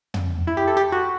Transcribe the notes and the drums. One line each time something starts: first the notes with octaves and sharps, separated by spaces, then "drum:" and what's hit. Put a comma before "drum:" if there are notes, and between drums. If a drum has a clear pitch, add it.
drum: tom
E4
G4
A4
G4
F#4